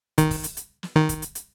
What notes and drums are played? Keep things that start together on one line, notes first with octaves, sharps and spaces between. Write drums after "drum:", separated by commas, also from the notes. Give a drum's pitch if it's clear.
D#3, drum: kick, hi-hat
drum: kick, open hi-hat
drum: hi-hat
drum: hi-hat
drum: snare
D#3
drum: kick, hi-hat
drum: hi-hat
drum: hi-hat